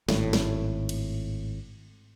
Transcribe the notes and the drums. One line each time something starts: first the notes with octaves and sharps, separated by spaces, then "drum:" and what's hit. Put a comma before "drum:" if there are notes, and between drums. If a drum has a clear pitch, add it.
G#1 A2, drum: snare
drum: snare
drum: cymbal